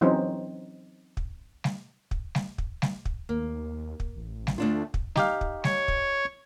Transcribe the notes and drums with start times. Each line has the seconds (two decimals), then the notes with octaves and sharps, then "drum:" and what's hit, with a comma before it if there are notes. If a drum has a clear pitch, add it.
0.01 E3 F#3 C4 C#4 D#4 C5
1.17 drum: kick
1.64 drum: snare G3
2.11 drum: kick
2.35 drum: snare G3
2.58 drum: kick
2.82 drum: snare G3
3.05 drum: kick
3.29 D#2 A#3
4.00 drum: kick
4.16 A1
4.47 drum: snare G3
4.58 D2 A3 D4 F4
4.94 drum: kick
5.16 D#4 G4 F5, drum: snare G3
5.41 drum: kick
5.64 C#5, drum: snare G3
5.88 drum: kick